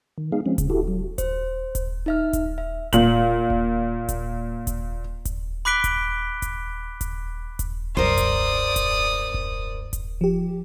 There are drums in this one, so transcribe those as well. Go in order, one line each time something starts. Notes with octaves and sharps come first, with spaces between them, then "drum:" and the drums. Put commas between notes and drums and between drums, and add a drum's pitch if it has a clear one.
D#3
G#3 B3 D#4 G#4 F5
F3 G#3 C4 C#4
C#3, drum: kick D#1, hi-hat
E4 F#4 G4 A4
F#3
C5, drum: kick D#1, hi-hat
drum: kick D#1, hi-hat
D#4 E5 F6
drum: kick D#1, hi-hat
E5
A#2 F#7, drum: kick D#1, hi-hat
drum: kick D#1
drum: kick D#1, hi-hat
drum: kick D#1, hi-hat
drum: kick D#1, hi-hat
B5 D6 F#6 B6 D7 G7
drum: kick D#1, hi-hat
drum: kick D#1, hi-hat
drum: kick D#1, hi-hat
drum: kick D#1, hi-hat
C2 F#2 A#4 C5 D5 D#6
drum: kick D#1, hi-hat
drum: kick D#1, hi-hat
drum: kick D#1
drum: kick D#1, hi-hat
F3 G4